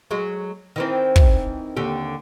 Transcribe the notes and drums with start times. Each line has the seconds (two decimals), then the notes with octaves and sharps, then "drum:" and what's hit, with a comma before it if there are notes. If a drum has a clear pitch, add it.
0.11 F#3 G#3
0.76 D#3 E3 C4
1.16 drum: kick
1.76 D#2 D3 G4